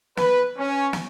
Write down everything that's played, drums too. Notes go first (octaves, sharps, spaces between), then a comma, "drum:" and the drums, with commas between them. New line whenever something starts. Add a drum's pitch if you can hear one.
B4, drum: snare
C#4
drum: snare